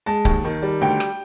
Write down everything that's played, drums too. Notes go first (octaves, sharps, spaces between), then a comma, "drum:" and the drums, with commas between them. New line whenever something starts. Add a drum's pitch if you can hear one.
G#3 A5
D#2, drum: kick C#1
D#3
G3
D2 G5
drum: rim click